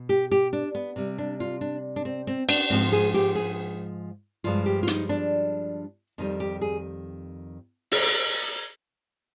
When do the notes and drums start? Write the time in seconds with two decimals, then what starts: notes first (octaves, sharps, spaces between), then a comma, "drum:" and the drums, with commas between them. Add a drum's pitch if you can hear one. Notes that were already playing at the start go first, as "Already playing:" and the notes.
Already playing: B2
0.09 G4
0.31 G4
0.53 D4
0.75 B3
0.96 C3 G3
1.18 D4
1.40 F4
1.61 D4
1.96 D4
2.05 C4
2.27 C4
2.49 D4, drum: cymbal
2.70 G#2 F3 G#3 C4
2.92 G#4
3.14 G4
3.35 G#4
4.44 G2 F3 G#3 F4
4.66 G4
4.83 F4
4.87 D#4, drum: hi-hat
5.09 D4
6.18 F2 D#3 G3 D#4
6.40 G4
6.61 G#4
7.92 drum: open hi-hat